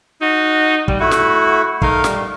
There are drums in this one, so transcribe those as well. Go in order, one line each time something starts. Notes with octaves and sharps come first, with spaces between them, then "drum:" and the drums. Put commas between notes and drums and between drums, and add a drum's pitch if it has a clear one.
D#4 F#4
G3, drum: kick
A3 E4 F#4
drum: snare
A3 D#4 A#4 F5, drum: kick
G3, drum: snare